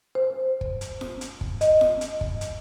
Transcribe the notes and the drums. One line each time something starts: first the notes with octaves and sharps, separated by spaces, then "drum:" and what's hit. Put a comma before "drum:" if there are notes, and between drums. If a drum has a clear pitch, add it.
C5
drum: kick
drum: hi-hat
drum: snare F4
drum: hi-hat
drum: kick
D#5, drum: hi-hat
drum: snare F4
drum: hi-hat
drum: kick
drum: hi-hat